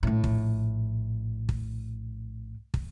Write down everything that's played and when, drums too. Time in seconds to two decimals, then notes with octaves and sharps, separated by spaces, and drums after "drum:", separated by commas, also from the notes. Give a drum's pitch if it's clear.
0.03 A#1 A2
0.24 drum: kick
1.49 drum: kick
2.74 drum: kick